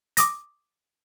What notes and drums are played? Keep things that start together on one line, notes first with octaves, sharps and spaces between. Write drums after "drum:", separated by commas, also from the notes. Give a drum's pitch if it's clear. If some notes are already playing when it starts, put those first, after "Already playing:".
D6 D#6 A#6, drum: hi-hat